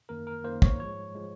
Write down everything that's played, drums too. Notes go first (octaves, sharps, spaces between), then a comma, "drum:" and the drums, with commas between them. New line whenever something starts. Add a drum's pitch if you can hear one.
F#2 D#3 A#3 A#4
A#4
F#2 D#3 A#3 C5
C#5, drum: kick
G#2 F3 G#3 C#5
F3 G#3